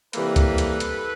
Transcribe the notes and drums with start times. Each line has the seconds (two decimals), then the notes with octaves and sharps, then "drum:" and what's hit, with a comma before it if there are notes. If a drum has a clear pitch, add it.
0.13 C3 E3 G3 A#3 A4 B4, drum: hi-hat
0.36 drum: kick C#2, hi-hat
0.58 drum: hi-hat
0.80 drum: hi-hat